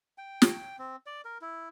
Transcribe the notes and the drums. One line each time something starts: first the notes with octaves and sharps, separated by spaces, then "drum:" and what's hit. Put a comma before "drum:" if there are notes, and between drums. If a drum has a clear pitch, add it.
G5
drum: snare
C4
D5
A#4
E4